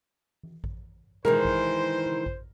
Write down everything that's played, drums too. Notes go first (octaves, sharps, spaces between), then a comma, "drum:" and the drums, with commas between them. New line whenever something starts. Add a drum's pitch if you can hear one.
drum: tom E3
drum: kick A1
D#3 E3 G#3 A#4 C5, drum: tom B2
drum: kick A1
drum: tom C#3
drum: kick A1